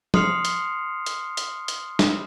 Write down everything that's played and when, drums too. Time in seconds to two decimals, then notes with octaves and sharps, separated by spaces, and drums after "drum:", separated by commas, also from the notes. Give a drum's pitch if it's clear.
0.14 C6 D#6 F6 C7 C#7 F7, drum: tom F3
0.45 drum: hi-hat
1.06 drum: hi-hat
1.37 drum: hi-hat
1.68 drum: hi-hat
1.99 drum: snare